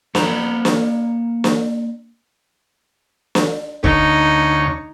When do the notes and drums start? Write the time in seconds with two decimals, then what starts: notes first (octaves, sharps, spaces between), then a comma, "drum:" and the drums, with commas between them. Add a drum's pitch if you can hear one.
0.15 A#3 F#5 A#5 B5, drum: snare
0.65 drum: snare
1.44 drum: snare
3.35 drum: snare
3.84 D2 D#4 C#5, drum: kick